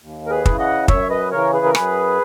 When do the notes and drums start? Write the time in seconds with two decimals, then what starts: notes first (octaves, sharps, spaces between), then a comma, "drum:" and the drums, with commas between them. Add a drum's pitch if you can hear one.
0.02 D#2
0.26 A#4
0.30 G#4 B4
0.46 C#3 E3, drum: kick
0.59 D#5 F#5
0.88 F#2 C#5 E5, drum: kick
1.10 B4 D#5
1.31 C#3 E3 A#4 C#5
1.53 G#4 B4
1.66 A#4
1.75 F#2 G#4 B4, drum: rim click